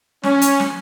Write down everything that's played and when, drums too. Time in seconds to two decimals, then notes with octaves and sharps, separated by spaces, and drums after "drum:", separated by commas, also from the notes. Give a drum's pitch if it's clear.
0.23 C#4, drum: snare
0.41 drum: hi-hat
0.60 drum: snare